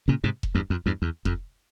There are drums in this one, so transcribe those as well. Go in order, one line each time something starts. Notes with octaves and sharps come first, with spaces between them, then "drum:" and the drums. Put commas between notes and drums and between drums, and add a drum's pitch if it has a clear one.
A#2 C#3
G#2 C3
drum: kick F1
E2 G2
F2
E2 G2
E2
F2, drum: kick F1